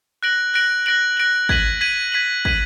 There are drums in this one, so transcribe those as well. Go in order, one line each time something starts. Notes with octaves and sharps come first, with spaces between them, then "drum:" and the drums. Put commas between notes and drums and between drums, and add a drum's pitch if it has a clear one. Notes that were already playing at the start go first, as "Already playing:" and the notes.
F#6 A#6 D7 F#7
F#6 A#6 D7 F#7
F#6 A#6 D7 F#7
F#6 A#6 D7 F#7
G#6 B6 D#7 F#7, drum: kick
G#6 B6 D#7 F#7
G#6 B6 D#7 F#7
G#6 B6 D#7 F#7, drum: kick